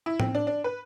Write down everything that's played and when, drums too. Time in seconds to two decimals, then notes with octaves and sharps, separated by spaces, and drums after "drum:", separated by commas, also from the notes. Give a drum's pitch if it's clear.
0.06 E4
0.20 C4, drum: tom A2
0.35 D4
0.47 D4
0.64 B4